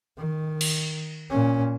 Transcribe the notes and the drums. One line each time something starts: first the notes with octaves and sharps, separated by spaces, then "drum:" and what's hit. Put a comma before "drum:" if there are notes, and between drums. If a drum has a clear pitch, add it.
D#3
drum: cymbal
A#2 C#4